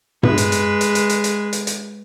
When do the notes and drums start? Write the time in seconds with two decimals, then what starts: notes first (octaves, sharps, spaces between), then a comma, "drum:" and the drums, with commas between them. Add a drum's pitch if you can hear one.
0.23 G#3 B4, drum: tom G2
0.38 drum: hi-hat
0.52 drum: hi-hat
0.81 drum: hi-hat
0.95 drum: hi-hat
1.09 drum: hi-hat
1.24 drum: hi-hat
1.53 drum: hi-hat
1.67 drum: hi-hat